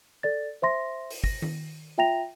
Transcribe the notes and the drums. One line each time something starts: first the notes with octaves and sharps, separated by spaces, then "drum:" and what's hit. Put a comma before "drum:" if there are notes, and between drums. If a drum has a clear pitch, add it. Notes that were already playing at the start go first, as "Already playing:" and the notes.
A4 D5 A6
C5 E5 C6 A#6
drum: open hi-hat
A#6, drum: kick
drum: tom D#3
F4 E5 G5 A#5 A#6 F7